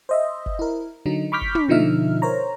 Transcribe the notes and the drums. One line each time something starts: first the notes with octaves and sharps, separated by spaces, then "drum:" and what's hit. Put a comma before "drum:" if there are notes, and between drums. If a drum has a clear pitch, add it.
C5 D#5 E5
drum: kick
E4 A#4
D3 F#3 D#4
B5 C#6 D6 F6 G6 B6
drum: kick
drum: tom
B2 D3 F3 D#4 E5 F6
A#4 C5 C#5 A#5